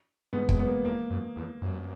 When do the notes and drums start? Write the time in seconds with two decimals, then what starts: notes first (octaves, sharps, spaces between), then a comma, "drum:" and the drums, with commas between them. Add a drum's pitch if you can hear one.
0.33 G#2 G#3 B3
0.49 E2 G#3, drum: kick
0.58 F#2 B3
0.67 A#3
0.84 E2 A#3
1.10 F#2
1.36 E2
1.62 F#2